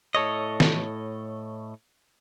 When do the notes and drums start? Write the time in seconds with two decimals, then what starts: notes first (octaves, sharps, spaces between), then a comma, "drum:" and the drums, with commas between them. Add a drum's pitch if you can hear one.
0.15 A2 A4 C#5 D#5
0.60 drum: snare